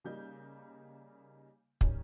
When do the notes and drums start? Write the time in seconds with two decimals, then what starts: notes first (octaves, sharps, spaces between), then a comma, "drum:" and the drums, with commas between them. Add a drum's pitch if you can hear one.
0.04 C#3 G3 A#3 D#4 G6
1.81 D#3 G3 C#4, drum: kick